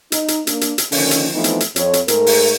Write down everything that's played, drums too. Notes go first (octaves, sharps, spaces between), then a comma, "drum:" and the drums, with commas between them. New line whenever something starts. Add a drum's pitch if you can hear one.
D#4, drum: hi-hat
drum: hi-hat
A#3 D4, drum: hi-hat
drum: hi-hat
drum: hi-hat
D3 D#3 F3 A#3 C#4, drum: open hi-hat
drum: hi-hat
E3 F3 A3 B3 C4 D#4
drum: hi-hat
drum: hi-hat
F2 C#5, drum: hi-hat
drum: hi-hat
G#2 A3 G#4 A#4, drum: hi-hat
drum: open hi-hat